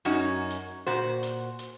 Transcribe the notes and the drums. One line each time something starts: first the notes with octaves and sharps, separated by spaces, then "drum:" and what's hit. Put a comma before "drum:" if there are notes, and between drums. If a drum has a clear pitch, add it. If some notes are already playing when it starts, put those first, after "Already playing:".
F#2 C#4 D#4 F#4
drum: hi-hat
A#2 F#4 C5
drum: hi-hat
drum: hi-hat